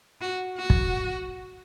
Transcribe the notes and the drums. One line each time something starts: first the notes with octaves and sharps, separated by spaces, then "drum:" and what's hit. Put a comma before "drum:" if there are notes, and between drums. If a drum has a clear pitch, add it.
F#4
F#4
drum: kick